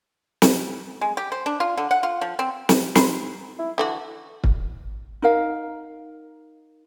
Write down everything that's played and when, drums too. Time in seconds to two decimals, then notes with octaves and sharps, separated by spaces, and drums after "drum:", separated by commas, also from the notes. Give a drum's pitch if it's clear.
0.42 drum: snare
1.01 G#3
1.17 G4
1.32 C5
1.46 D4
1.60 F4
1.77 D3
1.91 F#5
2.03 F4
2.21 F3
2.39 C4
2.69 drum: snare
2.95 D#4 A#5 B5, drum: snare
3.59 E4
3.78 D3 E3 F#4 A4
4.44 drum: kick
5.22 D#4 A#4 F5